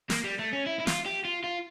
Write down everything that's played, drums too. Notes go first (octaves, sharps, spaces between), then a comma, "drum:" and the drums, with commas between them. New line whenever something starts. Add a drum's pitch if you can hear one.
A#3, drum: snare
G3
A3
C#4
E4
E4
F4, drum: snare
G4
F4
F4